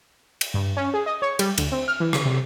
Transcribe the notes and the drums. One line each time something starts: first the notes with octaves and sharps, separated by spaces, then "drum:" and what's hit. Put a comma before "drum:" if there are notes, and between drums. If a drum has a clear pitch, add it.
drum: cymbal
G2
C#4
G#4
D#5
C#5
G3, drum: cymbal
D2, drum: cymbal
C4
F6
E3
C#3, drum: rim click
C3